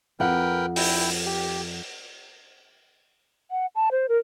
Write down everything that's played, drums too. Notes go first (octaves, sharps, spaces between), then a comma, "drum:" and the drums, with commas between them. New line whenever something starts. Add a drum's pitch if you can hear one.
F2 A#4 B4 F#5 G5
E4 G5, drum: open hi-hat
G4
F#5
A5
C5
A#4